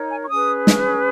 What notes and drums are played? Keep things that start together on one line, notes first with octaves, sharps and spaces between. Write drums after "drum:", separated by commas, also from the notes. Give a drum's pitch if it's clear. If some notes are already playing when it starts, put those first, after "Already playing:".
Already playing: D#4 A#4 C#5
G#5
C#6
C#4 G#4 B4 D#6
drum: snare